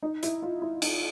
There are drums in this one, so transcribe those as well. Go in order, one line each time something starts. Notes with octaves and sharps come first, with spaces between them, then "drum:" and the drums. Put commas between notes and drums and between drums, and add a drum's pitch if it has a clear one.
D#4
E4, drum: hi-hat
F4
E4
D#4, drum: cymbal